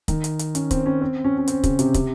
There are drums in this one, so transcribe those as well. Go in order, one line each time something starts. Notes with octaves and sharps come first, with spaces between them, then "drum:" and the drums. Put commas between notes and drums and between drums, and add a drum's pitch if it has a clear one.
D#3, drum: kick, hi-hat
drum: hi-hat
drum: hi-hat
C#4, drum: hi-hat
C4, drum: kick, hi-hat
C#4
C4
C#4
C#4
C4, drum: hi-hat
C#3, drum: kick, hi-hat
C3, drum: hi-hat
C3, drum: kick, hi-hat